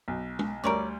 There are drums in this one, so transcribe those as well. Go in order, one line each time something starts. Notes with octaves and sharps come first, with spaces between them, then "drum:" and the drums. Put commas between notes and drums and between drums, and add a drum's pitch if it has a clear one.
B1
drum: tom G#3
D2 G3 A#4 C#5 D5